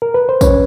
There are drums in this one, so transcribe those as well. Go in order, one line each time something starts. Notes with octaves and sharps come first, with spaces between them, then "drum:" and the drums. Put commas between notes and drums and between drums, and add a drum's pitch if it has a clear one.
A#4
B4
C5
C#4 B4 C#5, drum: kick A#1, tambourine